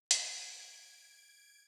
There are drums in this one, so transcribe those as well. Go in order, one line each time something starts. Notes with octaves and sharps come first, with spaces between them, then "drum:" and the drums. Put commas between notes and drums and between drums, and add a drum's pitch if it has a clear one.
G#6 D7, drum: hi-hat